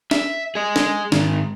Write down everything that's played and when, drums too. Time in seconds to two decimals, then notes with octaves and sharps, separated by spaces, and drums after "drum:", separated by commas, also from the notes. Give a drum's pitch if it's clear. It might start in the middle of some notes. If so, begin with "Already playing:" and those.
0.11 E5, drum: snare
0.55 G#4 D#5
0.76 drum: snare
1.12 G#2 D#3, drum: snare